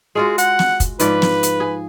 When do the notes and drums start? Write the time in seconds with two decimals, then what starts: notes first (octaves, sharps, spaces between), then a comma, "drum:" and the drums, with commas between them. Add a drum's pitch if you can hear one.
0.15 G#3 F4 F#4 G#4
0.38 F#5, drum: hi-hat
0.59 drum: snare
0.80 drum: kick, hi-hat
1.00 G#2 F3 B4 D5, drum: hi-hat
1.22 drum: snare
1.43 drum: hi-hat
1.60 G#4